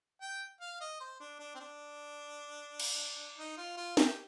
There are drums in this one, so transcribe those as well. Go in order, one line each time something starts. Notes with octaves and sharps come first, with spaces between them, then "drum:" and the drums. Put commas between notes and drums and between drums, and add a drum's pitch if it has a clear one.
G5
F5
D#5
C5
D4
D4
C4
D4
drum: cymbal
D#4
F4
F4
G4, drum: snare